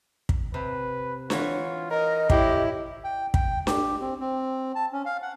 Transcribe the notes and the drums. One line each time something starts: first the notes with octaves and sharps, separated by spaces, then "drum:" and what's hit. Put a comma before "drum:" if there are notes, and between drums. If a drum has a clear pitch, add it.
drum: kick
C3 B4
E3 F4 F#4 C#5, drum: snare D4
A#4 D#5
A2 E4 G4, drum: kick
G5
G5, drum: kick
G4, drum: snare D4
C4
C4
A5
C#4
F5
F#5